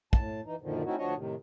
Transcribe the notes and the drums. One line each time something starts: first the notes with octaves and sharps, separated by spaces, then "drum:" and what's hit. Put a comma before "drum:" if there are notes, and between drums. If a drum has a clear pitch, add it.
A2 A5, drum: kick
E3 D#4
F#2 A#2 D3 D#3 F3
A3 C4 C#4 D#4 E4 F#4
D2 F3 D4 F#4 C#5 D#5
A2 C3 D#3